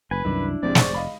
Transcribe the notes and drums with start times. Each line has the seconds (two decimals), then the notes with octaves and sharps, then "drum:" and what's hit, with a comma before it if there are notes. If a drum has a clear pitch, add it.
0.11 F#1 B4 G#5
0.25 C2 F#2 D#3 D4 E4
0.63 A#1 G#2 C3 C4 D5
0.75 F1 G#4 C5 C#6, drum: snare
0.94 D#5 F5 B5